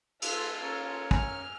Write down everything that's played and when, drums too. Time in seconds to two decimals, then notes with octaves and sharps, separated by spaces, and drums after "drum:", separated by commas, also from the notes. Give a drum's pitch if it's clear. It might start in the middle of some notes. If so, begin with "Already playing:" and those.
0.22 F4 A4 B4 E6, drum: cymbal
0.62 C#4 A#4 C#5
1.11 G#5 F6, drum: kick